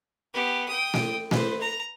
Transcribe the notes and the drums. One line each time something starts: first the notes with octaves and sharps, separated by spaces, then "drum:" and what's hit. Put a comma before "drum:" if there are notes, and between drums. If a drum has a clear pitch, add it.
B3 G4
G5 D#6
drum: snare A3
B4 C5, drum: snare A3
A#5